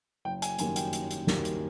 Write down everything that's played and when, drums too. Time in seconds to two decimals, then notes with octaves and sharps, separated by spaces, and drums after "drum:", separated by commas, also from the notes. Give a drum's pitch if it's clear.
0.25 F#1 G5
0.42 G#5, drum: hi-hat
0.58 F#2 D#3 G3 A#3 G#5, drum: hi-hat
0.76 G5, drum: hi-hat
0.93 F#1, drum: hi-hat
1.11 drum: hi-hat
1.27 F#2 D#3 G3 A#3, drum: snare
1.45 drum: hi-hat